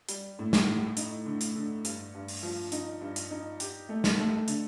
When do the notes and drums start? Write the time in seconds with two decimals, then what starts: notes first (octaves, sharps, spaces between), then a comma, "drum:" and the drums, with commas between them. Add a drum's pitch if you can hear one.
0.09 G3, drum: hi-hat
0.39 A2
0.53 drum: snare
0.67 A2
0.97 D#4, drum: hi-hat
1.26 D3
1.41 drum: hi-hat
1.56 D3
1.85 G2, drum: hi-hat
2.14 G2
2.28 drum: open hi-hat
2.43 F3
2.72 D#4, drum: hi-hat
3.01 G2
3.16 drum: hi-hat
3.31 D#4
3.60 G4, drum: hi-hat
3.89 A3
4.04 drum: snare
4.19 A3
4.48 D3, drum: hi-hat